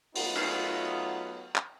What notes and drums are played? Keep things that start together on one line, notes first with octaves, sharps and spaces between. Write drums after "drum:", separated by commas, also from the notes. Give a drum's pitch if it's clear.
F#3 A3 B3 D#4 F4, drum: open hi-hat
drum: cymbal
drum: clap